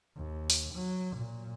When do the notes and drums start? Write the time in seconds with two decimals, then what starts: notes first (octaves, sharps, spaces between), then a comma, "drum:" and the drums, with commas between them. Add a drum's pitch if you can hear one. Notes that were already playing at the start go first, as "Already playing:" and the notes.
0.17 D#2
0.50 drum: open hi-hat
0.75 F#3
1.18 A#2